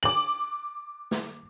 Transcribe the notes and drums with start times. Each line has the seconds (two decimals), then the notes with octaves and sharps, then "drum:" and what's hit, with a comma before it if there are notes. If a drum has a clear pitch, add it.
0.03 D6 F#7
1.11 drum: snare